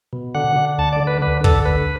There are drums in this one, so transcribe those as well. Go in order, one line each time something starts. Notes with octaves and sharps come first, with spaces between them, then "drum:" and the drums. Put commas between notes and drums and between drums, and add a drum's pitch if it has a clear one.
B2
D3 F#5
D3
D2 A5
D5
D3
B4
D3 B4
D3 A4, drum: kick
D2 B4